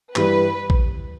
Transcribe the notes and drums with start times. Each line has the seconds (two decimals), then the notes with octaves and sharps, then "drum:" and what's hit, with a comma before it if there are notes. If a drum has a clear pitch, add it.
0.16 G2 E3 G3 D4 B4, drum: clap
0.70 drum: kick